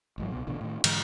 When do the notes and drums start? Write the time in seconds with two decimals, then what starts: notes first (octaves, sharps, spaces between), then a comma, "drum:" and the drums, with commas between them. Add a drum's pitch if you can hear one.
0.18 A1 G#2 F#3
0.32 C2 B2
0.47 A1 B2 D3
0.61 A2 D#3
0.84 G#2 D3 E3 G#3, drum: cymbal